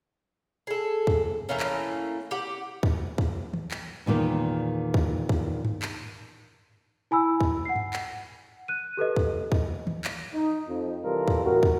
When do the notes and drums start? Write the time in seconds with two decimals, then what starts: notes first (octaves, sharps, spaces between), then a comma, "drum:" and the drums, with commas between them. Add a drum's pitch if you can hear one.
0.67 G#4 A4
1.07 drum: kick
1.49 E3 A3 A#3 C#4
1.60 drum: clap
2.31 G4 F#5
2.83 drum: kick
3.18 drum: kick
3.53 drum: tom
3.71 drum: clap
4.06 E2 A#2 D#3 A#3
4.94 drum: kick
5.29 drum: kick
5.65 drum: tom G2
5.82 drum: clap
7.11 E4 G#5 B5 E6
7.41 drum: kick
7.65 F#5 C7
7.76 drum: tom G2
7.93 drum: clap
8.68 F#6 D#7
8.97 G4 A4 B4 D#5
9.16 drum: kick
9.52 drum: kick
9.87 drum: tom
10.04 drum: clap
10.33 D#4
10.67 F2
11.03 C2 E3 G3 F4 A4 A#4
11.28 drum: kick
11.43 A1 F#4 A#4
11.63 drum: kick